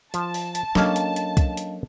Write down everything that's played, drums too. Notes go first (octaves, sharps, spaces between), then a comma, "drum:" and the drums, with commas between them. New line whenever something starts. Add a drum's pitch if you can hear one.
F3 A5, drum: hi-hat
drum: open hi-hat
drum: hi-hat
F#3 A#3 C#4 D4 A4 D#5 F5, drum: snare
drum: hi-hat
drum: hi-hat
drum: kick C2, hi-hat
drum: hi-hat